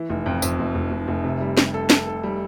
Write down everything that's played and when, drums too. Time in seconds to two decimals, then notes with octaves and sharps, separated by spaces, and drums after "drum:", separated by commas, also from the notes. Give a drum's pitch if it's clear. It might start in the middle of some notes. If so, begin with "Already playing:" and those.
Already playing: E3
0.10 F1
0.26 F2
0.42 F2, drum: tambourine
0.59 F1
0.75 F1
0.91 F1
1.08 F1
1.24 C3
1.41 G3
1.57 G3, drum: snare
1.74 A4
1.90 A4, drum: snare
2.07 A4
2.23 G3